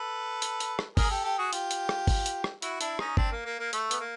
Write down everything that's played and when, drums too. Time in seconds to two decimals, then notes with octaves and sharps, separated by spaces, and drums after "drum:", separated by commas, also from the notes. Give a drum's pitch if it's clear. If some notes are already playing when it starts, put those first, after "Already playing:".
Already playing: A4 B4
0.42 drum: hi-hat
0.60 drum: hi-hat
0.79 drum: rim click
0.97 G#4 A#4, drum: kick, open hi-hat
1.10 G4 A4
1.24 G4 A4
1.38 F#4 G#4
1.53 F4 G4, drum: hi-hat
1.71 drum: hi-hat
1.89 drum: rim click
2.07 drum: kick, open hi-hat
2.26 drum: hi-hat
2.44 drum: rim click
2.62 E4 F#4, drum: hi-hat
2.81 D4 E4, drum: hi-hat
2.99 C#4 D#4, drum: rim click
3.17 C4 D4, drum: kick
3.32 A#3
3.46 A#3
3.59 A#3
3.73 A3, drum: hi-hat
3.91 B3, drum: hi-hat
4.00 A#3